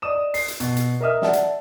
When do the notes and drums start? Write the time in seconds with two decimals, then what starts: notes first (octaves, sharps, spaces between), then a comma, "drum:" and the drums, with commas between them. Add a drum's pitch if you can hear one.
0.02 D5 D#5 D#6 E7
0.34 C7, drum: open hi-hat
0.48 drum: hi-hat
0.60 B2, drum: hi-hat
0.77 drum: hi-hat
1.01 A#4 D#5 E5 D#6 F6
1.22 D5 E5 F#5 A5, drum: snare
1.33 drum: hi-hat